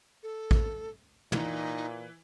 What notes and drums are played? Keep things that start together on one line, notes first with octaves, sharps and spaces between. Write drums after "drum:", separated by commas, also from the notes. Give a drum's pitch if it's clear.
A4
drum: kick A1
A#2 E3 D#4, drum: tom